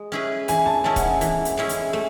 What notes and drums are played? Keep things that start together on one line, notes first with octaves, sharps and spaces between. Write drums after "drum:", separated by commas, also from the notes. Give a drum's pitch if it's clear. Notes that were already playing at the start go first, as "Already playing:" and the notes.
Already playing: G#3
C#4 E4 G#4 B4
E3 G#5, drum: hi-hat
A5
G#3 C#4 E4 A5
F#5, drum: kick, hi-hat
G#5
E3, drum: hi-hat
drum: hi-hat
G#3 C#4 E4
drum: hi-hat
A3